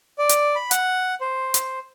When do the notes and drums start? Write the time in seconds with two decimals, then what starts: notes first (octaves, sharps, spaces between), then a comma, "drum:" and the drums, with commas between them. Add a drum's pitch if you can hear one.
0.18 D5
0.29 drum: hi-hat
0.55 B5
0.71 F#5, drum: hi-hat
1.21 C5
1.54 drum: hi-hat